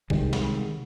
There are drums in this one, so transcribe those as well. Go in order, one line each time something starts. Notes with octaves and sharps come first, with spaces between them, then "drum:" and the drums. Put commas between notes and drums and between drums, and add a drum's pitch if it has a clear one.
C3 D#3 G3 G#3, drum: kick B1
drum: snare